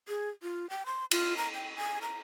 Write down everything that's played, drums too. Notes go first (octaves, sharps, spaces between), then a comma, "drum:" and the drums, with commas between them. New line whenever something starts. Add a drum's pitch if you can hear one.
G#4
F4
G5
C6
F4, drum: cymbal
A#5
G5
G#5
A#5